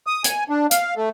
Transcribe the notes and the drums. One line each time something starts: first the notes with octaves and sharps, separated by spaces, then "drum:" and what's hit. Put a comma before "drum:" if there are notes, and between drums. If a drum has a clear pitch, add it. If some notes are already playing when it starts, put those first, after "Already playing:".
D#6
G#5, drum: hi-hat
D4
F5, drum: hi-hat
A3